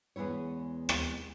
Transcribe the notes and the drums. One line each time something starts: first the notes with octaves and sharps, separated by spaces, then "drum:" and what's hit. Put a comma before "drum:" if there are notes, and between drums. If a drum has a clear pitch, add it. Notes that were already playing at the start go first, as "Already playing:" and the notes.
E2 G#3 B3 E4 C#5
drum: rim click